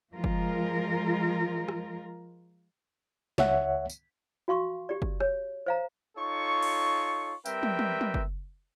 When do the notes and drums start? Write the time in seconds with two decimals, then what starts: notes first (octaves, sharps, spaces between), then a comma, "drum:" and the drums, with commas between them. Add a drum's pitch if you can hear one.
0.14 F3 G#3 F4 A#4
0.24 drum: kick F#1
1.68 drum: rim click
3.38 C#2 C#5 E5 F#5, drum: snare
3.90 drum: tambourine
4.48 F#4 F5 C6 C#6
4.89 G4 D5
5.02 drum: kick F#1
5.20 C#5, drum: rim click
5.66 C5 F5 A#5
6.17 D#4 F4 A4 C#5 C#6
6.62 drum: cymbal
7.45 G3 C4 A#4 B4 E5 G5, drum: tambourine
7.63 drum: tom
7.79 drum: tom
8.01 drum: tom
8.14 drum: kick F#1